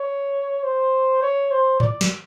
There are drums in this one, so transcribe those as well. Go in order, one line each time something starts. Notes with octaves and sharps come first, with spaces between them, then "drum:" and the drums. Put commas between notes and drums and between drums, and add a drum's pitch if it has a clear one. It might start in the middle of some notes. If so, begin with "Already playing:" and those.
Already playing: C#5
C5
C#5
C5
D5, drum: tom G#2
drum: snare